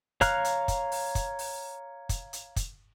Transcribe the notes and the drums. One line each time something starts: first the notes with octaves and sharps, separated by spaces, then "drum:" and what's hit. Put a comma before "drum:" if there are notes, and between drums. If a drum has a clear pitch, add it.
C#5 F5 A#5 F6 F#6, drum: kick, hi-hat
drum: hi-hat
drum: kick, hi-hat
drum: open hi-hat
drum: kick, hi-hat
drum: open hi-hat
drum: kick, hi-hat
drum: hi-hat
drum: kick, hi-hat